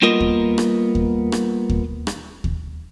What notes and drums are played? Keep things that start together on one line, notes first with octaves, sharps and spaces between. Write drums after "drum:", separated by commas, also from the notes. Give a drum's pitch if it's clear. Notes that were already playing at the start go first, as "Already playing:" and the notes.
G3 A#3 B3 F4 A#4 D#5
drum: kick D#2
drum: rim click
drum: kick D#2
drum: rim click
drum: kick D#2
drum: rim click
drum: kick D#2